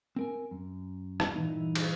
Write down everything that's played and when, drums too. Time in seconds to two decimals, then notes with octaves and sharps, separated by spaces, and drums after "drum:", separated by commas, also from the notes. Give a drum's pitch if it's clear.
0.16 C4 A#4 G#5
0.51 F#2
1.20 drum: rim click
1.36 G2 A#2 E3 D#4
1.51 E4
1.75 drum: cymbal